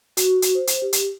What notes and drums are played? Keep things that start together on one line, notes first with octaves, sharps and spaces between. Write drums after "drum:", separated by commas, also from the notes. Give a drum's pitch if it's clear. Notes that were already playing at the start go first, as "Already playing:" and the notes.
F#4, drum: hi-hat
drum: hi-hat
C5
drum: hi-hat
G4
drum: hi-hat